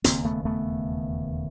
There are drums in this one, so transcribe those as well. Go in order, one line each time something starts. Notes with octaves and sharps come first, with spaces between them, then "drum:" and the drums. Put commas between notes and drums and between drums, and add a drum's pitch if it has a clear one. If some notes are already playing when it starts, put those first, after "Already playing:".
E1 D#2 C#3 A#3 C4, drum: hi-hat
A3 B3
A3 B3